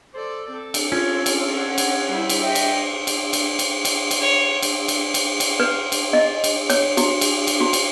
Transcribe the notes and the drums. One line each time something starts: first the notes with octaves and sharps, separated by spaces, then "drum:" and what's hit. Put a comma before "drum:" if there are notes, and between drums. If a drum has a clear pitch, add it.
A4 C5 D5
C4 A4
drum: cymbal
C#4 F4
drum: cymbal
F#5
drum: cymbal
G3 E4
drum: cymbal
D#5 E5 G5
drum: cymbal
drum: cymbal
drum: cymbal
drum: cymbal
drum: cymbal
drum: cymbal
C#5
drum: cymbal
drum: cymbal
drum: cymbal
drum: cymbal
B4
drum: cymbal
D#5
drum: cymbal
C#5, drum: cymbal
F#4, drum: cymbal
drum: cymbal
drum: cymbal
F#4
drum: cymbal